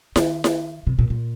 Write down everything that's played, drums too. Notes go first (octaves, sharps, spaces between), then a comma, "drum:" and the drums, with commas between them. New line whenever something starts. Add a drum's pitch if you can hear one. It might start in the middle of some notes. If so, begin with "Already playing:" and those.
D#3, drum: snare E4
drum: snare E4
C3
A#2
A#2